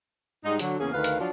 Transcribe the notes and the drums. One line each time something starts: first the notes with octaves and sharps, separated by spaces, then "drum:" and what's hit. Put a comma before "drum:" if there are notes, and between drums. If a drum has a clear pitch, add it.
G#2 G3 G#3 D#4
D3 F#3, drum: hi-hat
E2 C#3 A#3 C#4 G#4
D2 D#3 B4 F5
drum: hi-hat
F3 F#3 D4 F4